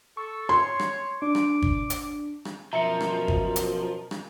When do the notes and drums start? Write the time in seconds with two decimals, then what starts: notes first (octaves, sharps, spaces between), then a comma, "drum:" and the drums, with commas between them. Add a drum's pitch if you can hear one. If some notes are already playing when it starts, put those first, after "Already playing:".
0.17 A4 C#6
0.49 C#5 C6
0.80 drum: rim click
1.22 D4 D6
1.35 drum: rim click
1.62 drum: kick G1
1.90 drum: hi-hat
2.45 drum: rim click
2.73 F#2 B2 F3 A#4 E5 A#5 C#7
3.01 drum: rim click
3.28 drum: kick G1
3.56 drum: hi-hat
4.11 drum: rim click